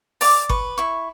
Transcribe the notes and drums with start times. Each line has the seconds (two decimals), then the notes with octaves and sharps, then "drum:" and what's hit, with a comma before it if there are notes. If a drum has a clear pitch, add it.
0.21 D5 D6, drum: open hi-hat
0.49 B4 C#6, drum: kick G1
0.78 E4 C#6